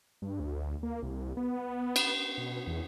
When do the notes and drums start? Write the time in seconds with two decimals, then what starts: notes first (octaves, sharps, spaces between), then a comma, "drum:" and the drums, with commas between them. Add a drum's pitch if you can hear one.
0.22 G2
0.40 D2
0.83 A#3
1.03 C2
1.37 B3
1.96 drum: cymbal
2.38 B2
2.67 E2